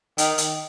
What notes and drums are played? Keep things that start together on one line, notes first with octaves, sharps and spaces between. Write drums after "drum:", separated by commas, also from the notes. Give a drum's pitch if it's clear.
D#3, drum: hi-hat
drum: hi-hat